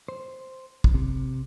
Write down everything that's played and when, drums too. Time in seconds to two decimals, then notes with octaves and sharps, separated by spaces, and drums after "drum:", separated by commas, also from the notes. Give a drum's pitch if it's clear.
0.08 C5
0.84 drum: kick
0.94 C3